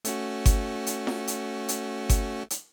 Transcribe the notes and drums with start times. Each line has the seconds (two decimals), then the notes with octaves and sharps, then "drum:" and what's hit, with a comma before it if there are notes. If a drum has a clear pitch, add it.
0.05 A3 C#4 F#4, drum: hi-hat
0.46 drum: kick G1, hi-hat
0.87 drum: hi-hat
1.07 drum: snare F4
1.28 drum: hi-hat
1.68 drum: hi-hat
2.09 drum: kick G1, hi-hat
2.50 drum: hi-hat